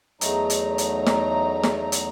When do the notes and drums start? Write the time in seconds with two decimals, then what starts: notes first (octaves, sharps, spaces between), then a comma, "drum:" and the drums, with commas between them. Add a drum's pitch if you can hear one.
0.21 E2 F#3 A3 D#4 A#5, drum: hi-hat
0.50 drum: hi-hat
0.78 drum: hi-hat
1.07 drum: snare
1.64 drum: snare
1.92 drum: hi-hat